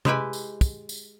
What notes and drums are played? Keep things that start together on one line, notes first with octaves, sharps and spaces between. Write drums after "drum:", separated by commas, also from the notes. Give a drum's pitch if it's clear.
G#3 E4 G4 B4 G5 G#5, drum: tom C3
drum: tambourine
drum: kick, tambourine
drum: tambourine